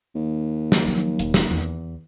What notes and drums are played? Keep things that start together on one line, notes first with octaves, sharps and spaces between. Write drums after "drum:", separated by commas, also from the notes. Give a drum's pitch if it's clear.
D#2
drum: snare
F3 F#3
E1, drum: hi-hat
drum: snare
E2